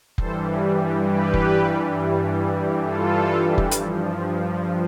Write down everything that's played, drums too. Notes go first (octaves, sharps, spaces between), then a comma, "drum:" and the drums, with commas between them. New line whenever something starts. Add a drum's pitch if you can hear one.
G2 E3 G3 A4 C5, drum: kick F1
G4 B4
drum: kick F1
F4 A4
drum: kick F1
G2 F3, drum: hi-hat